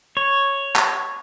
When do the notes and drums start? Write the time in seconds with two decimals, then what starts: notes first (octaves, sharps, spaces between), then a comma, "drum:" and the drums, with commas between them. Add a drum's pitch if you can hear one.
0.17 C#5
0.76 drum: clap